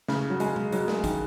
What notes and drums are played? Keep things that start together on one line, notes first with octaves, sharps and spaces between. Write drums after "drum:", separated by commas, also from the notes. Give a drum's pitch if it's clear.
C#3, drum: snare
F#3
G#3, drum: hi-hat
drum: tom C3
F#3, drum: hi-hat
drum: snare
D#3, drum: kick, hi-hat